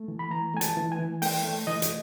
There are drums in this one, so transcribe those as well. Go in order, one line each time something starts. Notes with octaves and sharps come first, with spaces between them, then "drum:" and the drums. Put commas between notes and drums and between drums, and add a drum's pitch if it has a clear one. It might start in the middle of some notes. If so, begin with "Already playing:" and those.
Already playing: A3
E3
B5
E3 A#5
A3 G#5
A5, drum: hi-hat
E3
G#5
E3
A3 G5, drum: open hi-hat
A3
E3 D#5
drum: hi-hat